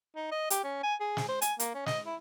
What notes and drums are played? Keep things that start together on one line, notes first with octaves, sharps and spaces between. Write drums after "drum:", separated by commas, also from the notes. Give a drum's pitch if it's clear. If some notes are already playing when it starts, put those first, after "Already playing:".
D#4
D#5
G4, drum: hi-hat
C#4
G#5
G#4
drum: snare
C5
G#5, drum: hi-hat
A#3, drum: hi-hat
C#4
D#5, drum: snare
E4